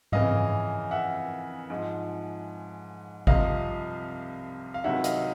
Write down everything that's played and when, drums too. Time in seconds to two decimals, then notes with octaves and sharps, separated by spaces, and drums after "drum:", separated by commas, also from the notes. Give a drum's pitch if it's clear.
0.12 F2 C#3 E3 D#5 F5, drum: tom G#2
0.91 E5 F#5
1.70 G#2 F3
3.27 C2 C3 F3 D#5 F5, drum: kick G#1
4.74 F5
4.84 C#2 C3 D#3 F#3 E5 F#5
5.04 D#5 F5, drum: hi-hat